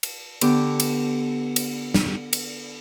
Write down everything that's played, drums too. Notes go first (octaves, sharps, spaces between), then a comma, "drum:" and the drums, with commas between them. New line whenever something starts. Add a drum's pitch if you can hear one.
drum: cymbal
D3 B3 G4 D6, drum: cymbal
drum: cymbal
drum: cymbal
drum: snare
drum: cymbal